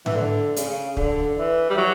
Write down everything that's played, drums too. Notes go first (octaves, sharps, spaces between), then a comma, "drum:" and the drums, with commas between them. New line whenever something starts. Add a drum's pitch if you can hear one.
E3, drum: tom G#2
D3
C#3, drum: hi-hat
D3, drum: kick
E3
G3
F#3